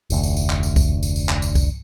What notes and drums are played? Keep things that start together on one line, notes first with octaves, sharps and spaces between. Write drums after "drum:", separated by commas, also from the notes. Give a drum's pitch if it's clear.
F1 D2, drum: tambourine
drum: tambourine
drum: tambourine
drum: clap
drum: tambourine
drum: kick C2, tambourine
drum: tambourine
drum: tambourine
drum: clap
drum: tambourine
drum: kick C2, tambourine